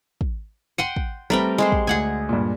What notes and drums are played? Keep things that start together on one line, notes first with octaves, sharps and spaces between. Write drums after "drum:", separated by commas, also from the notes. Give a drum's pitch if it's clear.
drum: kick
F#5 G5 C6 D#7
drum: kick
G3 A3 C4 A#4 B4 G5
G#3 G4 C5
drum: kick
D2 G#4 F#5 G#5
G2 A#2